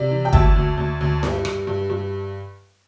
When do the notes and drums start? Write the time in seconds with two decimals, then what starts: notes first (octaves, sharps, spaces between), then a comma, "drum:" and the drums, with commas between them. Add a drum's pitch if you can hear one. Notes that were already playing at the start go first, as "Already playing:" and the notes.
Already playing: C3 D5
0.11 E3
0.25 G5
0.33 D2 E5 A5, drum: kick
0.56 D2
0.77 D2
1.01 D2
1.23 G2, drum: snare
1.45 G2, drum: rim click
1.67 G2
1.90 G2